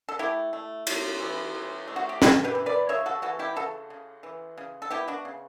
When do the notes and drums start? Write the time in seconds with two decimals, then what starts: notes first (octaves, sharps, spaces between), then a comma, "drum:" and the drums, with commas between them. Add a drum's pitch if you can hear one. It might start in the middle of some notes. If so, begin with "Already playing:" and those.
0.09 A4
0.19 A3 E4 G4
0.53 A3
0.87 A3, drum: cymbal
1.20 E3
1.55 E3
1.88 A3
1.96 F#4
2.09 G4
2.22 E3 F#4 A4, drum: snare
2.44 G4 B4
2.55 E3
2.66 B4 D5
2.89 C#3 C#5 E5
3.06 F#4 A4
3.22 E3 F#4 A4
3.39 E4 G4
3.56 C#3 F#4 A4
3.90 C#3
4.23 E3
4.58 C#3
4.82 A4
4.91 B3 E4 G4
5.08 D4 F#4
5.25 C#3